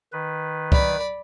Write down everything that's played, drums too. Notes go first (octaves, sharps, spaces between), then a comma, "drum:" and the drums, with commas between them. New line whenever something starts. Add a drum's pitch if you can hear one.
D#3 B4
D5 B5, drum: kick C2